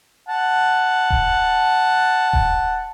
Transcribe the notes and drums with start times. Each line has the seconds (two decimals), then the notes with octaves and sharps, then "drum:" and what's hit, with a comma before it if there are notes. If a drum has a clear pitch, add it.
0.28 F#5 A5
1.10 drum: kick D#1
2.33 drum: kick D#1